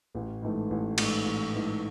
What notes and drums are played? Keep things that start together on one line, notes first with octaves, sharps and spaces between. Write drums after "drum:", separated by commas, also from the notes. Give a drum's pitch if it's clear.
A1
G#2 E3 A3
A1
G#2 E3 A3, drum: cymbal
A1
G#2 E3 A3